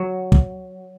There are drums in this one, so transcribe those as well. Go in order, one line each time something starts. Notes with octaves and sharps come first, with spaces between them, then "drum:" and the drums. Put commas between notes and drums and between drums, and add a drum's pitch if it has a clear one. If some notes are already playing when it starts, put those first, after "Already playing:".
Already playing: F#3
drum: kick